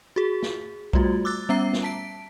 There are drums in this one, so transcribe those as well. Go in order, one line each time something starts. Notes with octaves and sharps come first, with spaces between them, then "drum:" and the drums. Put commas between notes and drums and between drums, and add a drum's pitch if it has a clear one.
F#4 G#4
drum: snare
G3 A3 F4 F#4, drum: kick B1
D6 E6 F#6 A6
G3 B3 C#4 E5 A#5 C7
drum: snare
A5 B6 D7